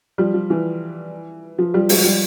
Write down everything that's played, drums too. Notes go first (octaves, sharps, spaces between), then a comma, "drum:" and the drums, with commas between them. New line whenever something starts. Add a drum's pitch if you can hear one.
F3 G3
F3
E3
F3
F3 G3
F#3 G#3, drum: open hi-hat
F3 G3